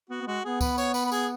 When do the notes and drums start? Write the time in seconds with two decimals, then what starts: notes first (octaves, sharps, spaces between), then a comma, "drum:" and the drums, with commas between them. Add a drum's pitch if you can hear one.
0.10 B3 F#4
0.22 B3
0.27 G#3 F#4
0.44 B3 G#4
0.61 B4, drum: kick C#2, tambourine
0.78 C#5, drum: tambourine
0.94 B4, drum: tambourine
1.05 B4
1.12 G#4, drum: tambourine